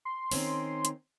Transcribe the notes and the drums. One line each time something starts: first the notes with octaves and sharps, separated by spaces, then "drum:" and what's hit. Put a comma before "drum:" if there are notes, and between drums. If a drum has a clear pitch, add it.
C6
D#3 C4 C#4, drum: open hi-hat
drum: hi-hat